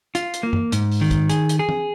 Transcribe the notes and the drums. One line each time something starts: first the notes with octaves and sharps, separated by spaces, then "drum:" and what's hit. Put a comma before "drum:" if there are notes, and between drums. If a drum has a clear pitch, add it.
F4, drum: hi-hat
drum: hi-hat
A#3
drum: tom G2
G#2, drum: hi-hat
drum: open hi-hat
D#3
drum: kick, hi-hat
G#4, drum: hi-hat
drum: hi-hat
G#4
drum: tom